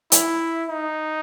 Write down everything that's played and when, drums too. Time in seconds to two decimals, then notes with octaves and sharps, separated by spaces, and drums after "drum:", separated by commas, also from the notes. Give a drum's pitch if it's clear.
0.12 E4, drum: hi-hat
0.70 D#4